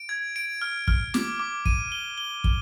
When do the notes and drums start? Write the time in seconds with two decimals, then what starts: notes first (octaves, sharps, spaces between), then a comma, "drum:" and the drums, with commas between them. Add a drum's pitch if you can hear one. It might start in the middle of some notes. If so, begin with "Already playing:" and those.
Already playing: D7
0.09 G#6
0.36 D7
0.62 F6
0.88 F6, drum: kick
1.14 D6, drum: snare
1.40 D6
1.66 D#7, drum: kick
1.92 G7
2.18 G7
2.44 G7, drum: kick